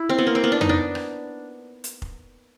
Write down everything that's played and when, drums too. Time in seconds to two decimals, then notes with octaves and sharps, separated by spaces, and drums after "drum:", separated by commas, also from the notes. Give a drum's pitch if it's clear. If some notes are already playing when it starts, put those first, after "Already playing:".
Already playing: E4
0.09 C4
0.18 B3
0.27 A#3
0.35 C4
0.44 B3
0.52 D4
0.61 D#4, drum: tom F2
0.69 D4
0.95 drum: rim click
1.84 drum: hi-hat
2.02 drum: kick F1